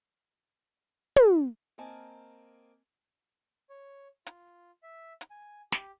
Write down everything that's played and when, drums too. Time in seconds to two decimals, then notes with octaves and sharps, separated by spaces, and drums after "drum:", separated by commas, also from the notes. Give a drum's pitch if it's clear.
1.16 drum: tom
1.78 A#3 C4 A#4 D#5 G#5 A5
3.69 C#5
4.26 F4, drum: hi-hat
4.83 E5
5.21 drum: hi-hat
5.31 G#5
5.72 G4, drum: snare